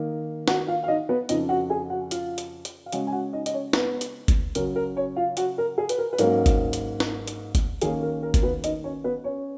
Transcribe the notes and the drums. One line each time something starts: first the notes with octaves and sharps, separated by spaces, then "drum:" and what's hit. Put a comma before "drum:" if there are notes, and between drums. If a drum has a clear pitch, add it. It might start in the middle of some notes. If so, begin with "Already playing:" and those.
Already playing: D#3 A#3 D#4
F#4 F#5, drum: snare
F4 F5
F5
D#4 D#5
B3 B4
F2 C#3 F3 D#4 D#5, drum: hi-hat
F#4 F#5
G#4 G#5
F#4 F#5
F4 F5, drum: hi-hat
drum: hi-hat
drum: hi-hat
F5
C#3 G#3 C#4 F#4 F#5, drum: hi-hat
G#5
F#4 F#5
D#4 D#5
D#5, drum: hi-hat
C#4 C#5
B3 B4, drum: snare
drum: hi-hat
drum: kick G1, hi-hat
C#3 F#3 C#4 A#4, drum: hi-hat
A#4
C#4 C#5
F4 F5
F#4 F#5, drum: hi-hat
A#4
G#4
B4, drum: hi-hat
A#4
B4
G#2 F#3 A#3 C#4 A#4, drum: hi-hat
drum: kick G1, hi-hat
drum: hi-hat
drum: snare
drum: hi-hat
drum: kick G1, hi-hat
D#3 A#3 C#4 G#4, drum: hi-hat
A#4
A#4
A#4, drum: kick G1, hi-hat
B3 B4
D#4 D#5, drum: hi-hat
C#4 C#5
B3 B4
C#4 C#5